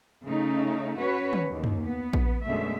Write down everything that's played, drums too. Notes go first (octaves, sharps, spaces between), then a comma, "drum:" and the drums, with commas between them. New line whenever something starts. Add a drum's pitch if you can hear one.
C#3 A3 C#4 D#4
C#4 F#4 B4 C#5
drum: tom
D#2
drum: tom
B3
drum: kick A#1
F#2 B2 D3 G#3 A3 E5